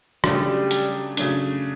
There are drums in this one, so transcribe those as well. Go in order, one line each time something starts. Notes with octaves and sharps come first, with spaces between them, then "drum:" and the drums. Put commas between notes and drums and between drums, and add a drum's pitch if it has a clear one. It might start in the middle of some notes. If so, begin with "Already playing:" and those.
C#3 F#3 G3 A3 D4, drum: rim click
drum: hi-hat
C#3 F#3 A3 D4, drum: hi-hat